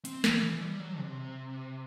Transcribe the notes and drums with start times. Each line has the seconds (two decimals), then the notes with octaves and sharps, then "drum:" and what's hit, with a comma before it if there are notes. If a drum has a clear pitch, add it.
0.05 C4, drum: hi-hat
0.24 E3, drum: snare
0.43 E3
0.61 G3
0.80 F#3
0.99 C3